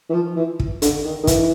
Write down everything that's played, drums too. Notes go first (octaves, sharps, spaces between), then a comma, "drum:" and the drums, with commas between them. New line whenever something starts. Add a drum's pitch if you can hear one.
E3
F3
E3
drum: kick
D3, drum: hi-hat
D#3
D#3
E3, drum: kick, hi-hat